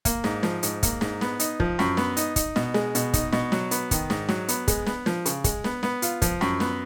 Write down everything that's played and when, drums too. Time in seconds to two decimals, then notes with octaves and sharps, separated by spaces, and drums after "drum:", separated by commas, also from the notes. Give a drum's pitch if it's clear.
0.05 A#3, drum: kick, hi-hat
0.24 G#2, drum: snare
0.43 F3, drum: snare
0.63 G#2, drum: hi-hat
0.83 A#3, drum: kick, hi-hat
1.01 G#2, drum: snare
1.21 B3, drum: snare
1.39 D#4, drum: hi-hat
1.60 F3, drum: kick
1.79 F#2, drum: snare
1.97 B3, drum: snare
2.17 D#4, drum: hi-hat
2.36 D#4, drum: kick, hi-hat
2.56 B2, drum: snare
2.74 G#3, drum: snare
2.95 B2, drum: hi-hat
3.13 D#4, drum: kick, hi-hat
3.32 B2, drum: snare
3.52 F#3, drum: snare
3.71 B3, drum: hi-hat
3.91 D#3, drum: kick, hi-hat
4.10 G#2, drum: snare
4.29 F#3, drum: snare
4.48 B3, drum: hi-hat
4.68 G#3, drum: kick, hi-hat
4.86 B3, drum: snare
5.06 F3, drum: snare
5.26 C#3, drum: hi-hat
5.44 G#3, drum: kick, hi-hat
5.64 B3, drum: snare
5.83 B3, drum: snare
6.02 F4, drum: hi-hat
6.22 F3, drum: kick, hi-hat
6.41 F#2, drum: snare
6.60 B3, drum: snare